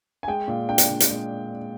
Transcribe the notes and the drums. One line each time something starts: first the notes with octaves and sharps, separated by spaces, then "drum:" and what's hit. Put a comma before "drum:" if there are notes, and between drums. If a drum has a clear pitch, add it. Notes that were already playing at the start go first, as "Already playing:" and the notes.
G#5
G#3 G5
A#2
D4 G5
drum: hi-hat
A#2
drum: hi-hat
G#3